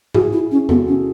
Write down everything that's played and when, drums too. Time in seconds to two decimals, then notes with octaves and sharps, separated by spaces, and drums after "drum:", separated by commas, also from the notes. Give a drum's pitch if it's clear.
0.14 E4 F#4 G#4, drum: tom G#2
0.33 E4
0.52 C#4
0.69 B3 F#4 A4, drum: tom E2
0.88 C#4